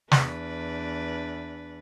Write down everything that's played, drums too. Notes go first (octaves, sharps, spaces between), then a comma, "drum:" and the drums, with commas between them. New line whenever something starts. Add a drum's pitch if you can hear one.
E2 D4 B4, drum: snare